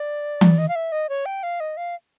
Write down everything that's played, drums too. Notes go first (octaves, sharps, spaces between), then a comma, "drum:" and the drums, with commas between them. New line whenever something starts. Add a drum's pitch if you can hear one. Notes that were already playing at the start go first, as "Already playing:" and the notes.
Already playing: D5
drum: tom E3
D#5
F5
E5
D#5
C#5
G5
F5
D#5
F5